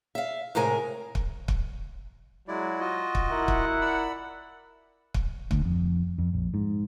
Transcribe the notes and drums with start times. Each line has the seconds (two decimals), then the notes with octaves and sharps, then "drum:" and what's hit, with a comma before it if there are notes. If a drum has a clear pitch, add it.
0.15 E5 F5
0.55 A2 C3 G#3 A#4 G#5
1.15 drum: kick
1.48 drum: kick
2.48 F#3 G#3 E4 D5
2.80 F4 F#4 D#5
3.15 drum: kick
3.30 E4 A#4 F#5
3.48 drum: kick
3.81 D5 B5 E6
5.14 drum: kick
5.51 D2, drum: kick
5.65 F2
6.18 F2
6.33 A#1
6.54 G#2